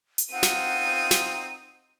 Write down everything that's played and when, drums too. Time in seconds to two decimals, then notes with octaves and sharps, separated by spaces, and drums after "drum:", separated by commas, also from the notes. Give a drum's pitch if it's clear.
0.18 drum: hi-hat
0.33 C4 D#4 F4 F#5 D#7
0.43 drum: snare
1.11 drum: snare